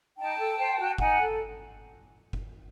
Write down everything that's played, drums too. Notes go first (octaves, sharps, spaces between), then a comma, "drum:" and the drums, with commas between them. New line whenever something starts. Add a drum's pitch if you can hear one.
D#4 G5 A5
A4
C5
F#4
D#4 F#5 G#5, drum: kick F#1
A4
drum: kick F#1